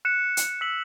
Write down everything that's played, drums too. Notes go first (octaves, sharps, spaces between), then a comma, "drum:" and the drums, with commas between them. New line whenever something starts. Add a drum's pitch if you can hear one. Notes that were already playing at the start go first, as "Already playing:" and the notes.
F#6 C#7 E7
drum: hi-hat
E6 B6 F#7